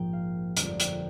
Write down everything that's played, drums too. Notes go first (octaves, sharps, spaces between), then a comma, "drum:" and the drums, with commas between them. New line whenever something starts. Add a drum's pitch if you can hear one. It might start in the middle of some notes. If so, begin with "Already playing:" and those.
Already playing: A#1 G#2 F3 A#3 G5
F5
G1 F2 D3 G#3, drum: hi-hat
G5, drum: hi-hat